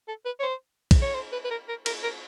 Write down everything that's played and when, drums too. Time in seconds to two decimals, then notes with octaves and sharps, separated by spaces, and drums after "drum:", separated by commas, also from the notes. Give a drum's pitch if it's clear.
0.08 A4
0.26 B4
0.40 C#5
0.43 C5
0.91 drum: kick, cymbal
1.02 C#5
1.14 C5
1.32 B4
1.45 B4
1.51 A#4
1.68 A#4
1.86 A#4, drum: cymbal
2.03 A#4